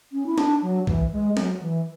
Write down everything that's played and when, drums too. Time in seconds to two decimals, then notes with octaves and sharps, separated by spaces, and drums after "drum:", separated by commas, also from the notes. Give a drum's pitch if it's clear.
0.12 C#4
0.26 E4
0.38 D4, drum: snare
0.62 F#3
0.87 E3, drum: kick
1.12 G#3
1.37 F#3, drum: snare
1.61 E3